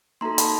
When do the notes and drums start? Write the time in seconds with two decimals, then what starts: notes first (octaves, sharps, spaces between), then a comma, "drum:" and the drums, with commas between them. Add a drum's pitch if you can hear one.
0.21 A#3 D#4 F#4 A4 A#5 C6
0.38 A5 B5, drum: hi-hat